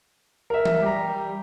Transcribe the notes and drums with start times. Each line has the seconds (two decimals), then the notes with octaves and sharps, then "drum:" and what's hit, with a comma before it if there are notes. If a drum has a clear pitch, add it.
0.50 A#4 E5
0.65 drum: tom E3
0.82 G3 G4 A#5